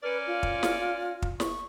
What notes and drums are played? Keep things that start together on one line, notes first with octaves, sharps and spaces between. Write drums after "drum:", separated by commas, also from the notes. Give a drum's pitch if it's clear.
C#4 A#4 B4 D5
F4
drum: kick
drum: snare
drum: kick
C#6, drum: snare